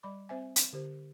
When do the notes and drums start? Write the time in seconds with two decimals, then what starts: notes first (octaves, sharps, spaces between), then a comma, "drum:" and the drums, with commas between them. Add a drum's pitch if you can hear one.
0.03 G3 D5 B5 D6
0.29 C4 C5 E5 G#5
0.56 drum: hi-hat
0.73 D3 G4 C5